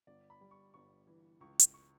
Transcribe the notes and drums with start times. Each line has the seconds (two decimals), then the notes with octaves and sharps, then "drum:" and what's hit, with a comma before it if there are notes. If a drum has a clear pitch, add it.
0.07 G1 D5
0.30 B5
0.41 G3
0.51 C#6
0.74 G1 C#6
1.07 E3
1.41 C#2 C#6
1.59 drum: hi-hat
1.74 C#6